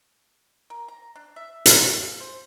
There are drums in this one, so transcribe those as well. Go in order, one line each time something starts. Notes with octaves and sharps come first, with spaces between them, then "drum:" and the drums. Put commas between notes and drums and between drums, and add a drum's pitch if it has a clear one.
A#4
A#5
D4
E5
D#4, drum: hi-hat
F4
G#4
C5